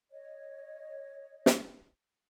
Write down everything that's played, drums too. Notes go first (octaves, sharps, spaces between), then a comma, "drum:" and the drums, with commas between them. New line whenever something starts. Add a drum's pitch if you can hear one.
C#5 D#5
drum: snare